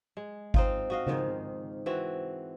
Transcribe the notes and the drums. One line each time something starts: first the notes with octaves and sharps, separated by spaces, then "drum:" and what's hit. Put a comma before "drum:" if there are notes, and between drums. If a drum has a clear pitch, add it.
G#3
C4 D#4 F4, drum: kick G1
F#4 D#5 F5
G#2 D#3 F3, drum: tom C#3
E3 C4 F#4